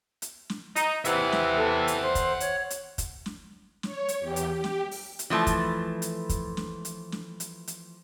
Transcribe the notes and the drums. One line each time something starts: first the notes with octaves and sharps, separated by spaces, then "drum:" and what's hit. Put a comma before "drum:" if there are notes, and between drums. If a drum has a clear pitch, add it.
drum: hi-hat
drum: snare
D#4, drum: hi-hat
C3 E3 E5 F#5, drum: hi-hat
drum: snare
A4
drum: hi-hat
C5
drum: kick, hi-hat
C#5, drum: hi-hat
drum: hi-hat
drum: kick, hi-hat
drum: snare
C#5, drum: snare
drum: hi-hat
E2 G4
drum: hi-hat
G4
drum: snare
drum: open hi-hat
drum: hi-hat
E3 F3 A3
drum: kick, hi-hat
drum: hi-hat
drum: kick, hi-hat
drum: snare
drum: hi-hat
drum: snare
drum: hi-hat
drum: hi-hat